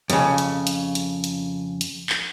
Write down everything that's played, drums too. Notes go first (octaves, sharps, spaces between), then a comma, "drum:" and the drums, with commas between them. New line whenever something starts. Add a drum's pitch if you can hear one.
F2 C#3, drum: hi-hat
drum: hi-hat
drum: hi-hat
drum: hi-hat
drum: hi-hat
drum: hi-hat
drum: clap